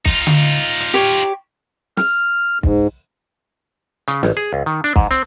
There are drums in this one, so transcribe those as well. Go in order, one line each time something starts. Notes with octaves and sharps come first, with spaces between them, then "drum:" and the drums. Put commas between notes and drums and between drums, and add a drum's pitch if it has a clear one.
D#4 F4, drum: kick
drum: tom D3
drum: hi-hat
G4 C#5
F6, drum: snare
G#2, drum: kick
C#3, drum: hi-hat
A1, drum: snare
G#4
C#2
D#3
D4
G#2, drum: kick
C4, drum: hi-hat